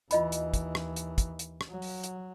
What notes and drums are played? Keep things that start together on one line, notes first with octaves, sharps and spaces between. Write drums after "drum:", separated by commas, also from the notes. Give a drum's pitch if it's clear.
D#2 E3 F4 D#5 B5, drum: hi-hat
drum: hi-hat
drum: kick, hi-hat
drum: rim click
drum: hi-hat
drum: kick, hi-hat
drum: hi-hat
drum: rim click
F#3
drum: open hi-hat
drum: hi-hat